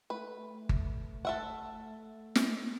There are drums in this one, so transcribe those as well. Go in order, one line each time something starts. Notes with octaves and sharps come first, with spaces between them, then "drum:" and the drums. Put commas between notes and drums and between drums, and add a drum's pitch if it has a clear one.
A3 B4
drum: kick G1
A4 E5 F#5
drum: snare